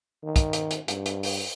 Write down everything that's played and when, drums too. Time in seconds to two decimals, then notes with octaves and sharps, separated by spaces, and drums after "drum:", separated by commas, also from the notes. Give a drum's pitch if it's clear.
0.24 D#3
0.36 drum: kick, hi-hat
0.53 drum: hi-hat
0.71 drum: hi-hat
0.88 G2, drum: hi-hat
1.06 drum: hi-hat
1.23 drum: open hi-hat